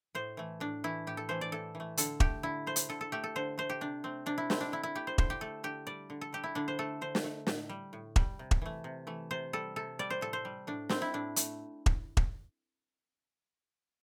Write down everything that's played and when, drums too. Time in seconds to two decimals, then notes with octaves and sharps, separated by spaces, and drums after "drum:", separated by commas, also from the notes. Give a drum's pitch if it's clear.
0.15 A2 C5
0.37 E3 A3
0.60 A2 D4
0.84 E3 A3 E4
1.07 A2 G4
1.17 A4
1.29 E3 A3 C5
1.41 D5
1.52 A2 A4
1.75 E3
1.80 A3
1.97 D3 A4, drum: hi-hat
2.20 A3 G4, drum: kick E1
2.43 D3 E4
2.67 A3 C5
2.76 drum: hi-hat
2.89 D3 A4
3.01 A4
3.12 A3 G4
3.24 A4
3.36 D3 C5
3.58 A3 C5
3.70 G4
3.81 C3 D4
4.04 A3 C4
4.26 C3 D4
4.38 E4
4.50 A3 C4, drum: snare
4.61 D4
4.72 D3 E4
4.83 E4
4.95 A3 G4
5.07 C5
5.18 D3 C5, drum: kick E1
5.30 G4
5.41 A3 A4
5.63 D3 G4
5.87 G3 D5
6.10 D3
6.21 A4
6.33 G3 G4
6.44 E4
6.55 D3 D4
6.68 C5
6.79 A3 A4
7.01 D3 C5
7.15 drum: snare
7.24 A3
7.47 A2, drum: snare
7.69 G3
7.93 A2
8.16 G3, drum: kick E1
8.39 C3
8.51 drum: kick E1
8.62 E3 A3
8.84 C3
9.07 E3 A3
9.31 C3 C5
9.53 G3 A4
9.76 C3 A4
9.99 G3 D5
10.10 C5
10.21 A2 A4
10.33 C5
10.45 G3
10.67 A2 D4
10.89 G3 C4, drum: snare
11.02 E4
11.14 A2 D4
11.36 A3, drum: hi-hat
11.86 drum: kick E1
12.17 drum: kick E1